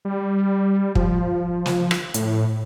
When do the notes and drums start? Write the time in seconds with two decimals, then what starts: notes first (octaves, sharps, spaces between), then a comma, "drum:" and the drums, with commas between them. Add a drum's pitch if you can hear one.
0.05 G3
0.95 F3, drum: kick
1.66 drum: snare
1.91 drum: rim click
2.14 A2, drum: hi-hat